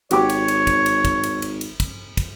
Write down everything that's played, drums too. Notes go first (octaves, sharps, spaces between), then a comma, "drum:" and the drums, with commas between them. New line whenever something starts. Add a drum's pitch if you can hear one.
G#1 F#4 G4 C#5 D6, drum: cymbal
drum: cymbal
drum: cymbal
drum: kick, cymbal
drum: cymbal
drum: kick, cymbal
drum: cymbal
drum: cymbal
drum: cymbal
drum: kick, cymbal
drum: kick, cymbal